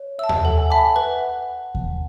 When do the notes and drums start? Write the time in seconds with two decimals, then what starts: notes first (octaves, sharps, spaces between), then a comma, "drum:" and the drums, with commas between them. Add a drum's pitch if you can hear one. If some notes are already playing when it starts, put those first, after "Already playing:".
Already playing: C#5
0.19 E5 A5 E6
0.29 drum: tom D#2
0.45 A4 F#5
0.58 G#5
0.70 E5 A5 B5 D6
0.83 G#5
0.96 B4 F#5
1.75 drum: kick D#2